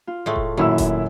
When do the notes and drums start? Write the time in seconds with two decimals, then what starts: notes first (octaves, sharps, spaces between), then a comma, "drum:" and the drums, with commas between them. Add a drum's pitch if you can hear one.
0.07 F4
0.26 A2 G#3 A3
0.36 drum: kick E1
0.57 F#2 A#2 D#3 E4 E6
0.78 drum: kick E1, hi-hat